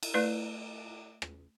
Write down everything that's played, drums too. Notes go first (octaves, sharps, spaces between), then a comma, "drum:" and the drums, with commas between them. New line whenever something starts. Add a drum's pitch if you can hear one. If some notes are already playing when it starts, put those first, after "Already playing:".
drum: cymbal
A3 E4 B4 D5
drum: rim click